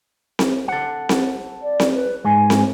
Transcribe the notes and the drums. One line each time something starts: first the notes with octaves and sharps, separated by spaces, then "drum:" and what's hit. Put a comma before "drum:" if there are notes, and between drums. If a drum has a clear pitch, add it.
drum: snare C4
A4 F#5
drum: snare C4
D5
drum: snare C4
B4
G#2 G#3 G#5
drum: snare C4